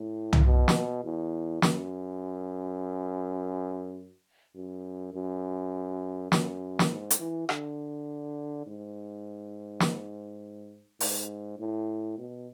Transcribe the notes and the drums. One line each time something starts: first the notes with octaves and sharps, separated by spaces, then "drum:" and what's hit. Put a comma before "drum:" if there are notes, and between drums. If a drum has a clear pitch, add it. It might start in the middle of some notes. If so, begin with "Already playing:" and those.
Already playing: A2
drum: tom
B2
drum: snare
E2
F#2, drum: snare
F#2
F#2
F#2, drum: snare
drum: snare
G#2
drum: hi-hat
E3
D3, drum: rim click
G#2
drum: snare
G#2, drum: open hi-hat
A2
B2